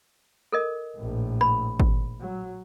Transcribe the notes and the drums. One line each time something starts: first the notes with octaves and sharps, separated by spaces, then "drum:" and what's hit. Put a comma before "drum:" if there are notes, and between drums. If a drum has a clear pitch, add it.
A4 A#4 D#5
A#1 A2
B5, drum: rim click
drum: kick G#1
F#3